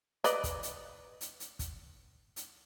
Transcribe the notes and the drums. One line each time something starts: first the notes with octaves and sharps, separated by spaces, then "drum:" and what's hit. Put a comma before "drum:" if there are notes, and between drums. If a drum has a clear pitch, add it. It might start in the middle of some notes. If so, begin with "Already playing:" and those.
B4 D5 D#5, drum: hi-hat
drum: kick, hi-hat
drum: hi-hat
drum: hi-hat
drum: hi-hat
drum: kick, hi-hat
drum: hi-hat